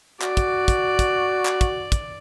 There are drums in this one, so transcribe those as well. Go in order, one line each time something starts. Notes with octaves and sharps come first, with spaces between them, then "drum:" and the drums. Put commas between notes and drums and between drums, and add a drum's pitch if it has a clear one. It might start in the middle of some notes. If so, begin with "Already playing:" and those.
F#4 D5, drum: clap
drum: kick, hi-hat
drum: kick, hi-hat
drum: kick, hi-hat
drum: clap
drum: kick, hi-hat
drum: kick, hi-hat